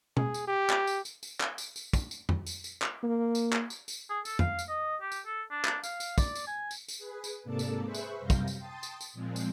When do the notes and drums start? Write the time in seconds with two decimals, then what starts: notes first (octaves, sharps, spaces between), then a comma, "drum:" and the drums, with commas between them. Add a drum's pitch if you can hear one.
0.17 G#4, drum: tom B2
0.34 drum: tambourine
0.48 G4
0.70 drum: clap
0.87 drum: tambourine
1.05 drum: tambourine
1.23 drum: tambourine
1.40 drum: clap
1.58 drum: tambourine
1.76 drum: tambourine
1.93 drum: kick, tambourine
2.11 drum: tambourine
2.29 drum: tom
2.46 drum: tambourine
2.64 drum: tambourine
2.82 drum: clap
3.03 A#3
3.35 drum: tambourine
3.53 drum: clap
3.70 drum: tambourine
3.88 drum: tambourine
4.10 G#4
4.25 A4, drum: tambourine
4.39 F5, drum: tom
4.59 drum: tambourine
4.69 D#5
5.02 G4
5.12 drum: tambourine
5.26 A4
5.51 D4
5.65 drum: clap
5.84 F5, drum: tambourine
6.00 drum: tambourine
6.18 D5, drum: kick, tambourine
6.35 drum: tambourine
6.47 G#5
6.71 drum: tambourine
6.88 drum: tambourine
6.98 G#4 B4
7.24 drum: tambourine
7.44 G#2 C3 A#3 A4 D5 A5
7.59 drum: tambourine
7.83 G#4 B4 C5 E5 B5 C#6
7.95 drum: tambourine
8.20 F#2 C3 G3 F5 G6 A#6
8.30 drum: kick, tambourine
8.48 drum: tambourine
8.57 G5 A5 C6 D#6 A6
8.83 drum: tambourine
9.01 drum: tambourine
9.13 A#2 F3 G#3 C4
9.36 drum: tambourine